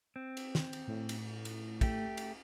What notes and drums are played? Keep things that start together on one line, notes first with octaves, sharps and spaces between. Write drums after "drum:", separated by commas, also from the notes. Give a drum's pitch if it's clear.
C4
drum: cymbal
drum: snare
drum: cymbal
A2
drum: cymbal
drum: cymbal
A3 G4, drum: kick, cymbal
drum: cymbal